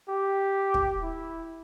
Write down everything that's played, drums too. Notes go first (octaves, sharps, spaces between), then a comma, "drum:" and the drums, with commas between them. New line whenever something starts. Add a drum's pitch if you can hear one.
G4
drum: kick
E4